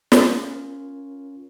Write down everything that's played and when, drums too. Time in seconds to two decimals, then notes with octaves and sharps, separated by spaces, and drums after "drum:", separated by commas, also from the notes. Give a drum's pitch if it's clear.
0.12 C#4 F4 A#4 C#5, drum: snare